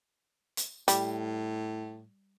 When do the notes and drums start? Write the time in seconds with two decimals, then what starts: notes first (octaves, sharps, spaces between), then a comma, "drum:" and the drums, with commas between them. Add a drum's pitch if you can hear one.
0.57 drum: hi-hat
0.88 A2 G3, drum: hi-hat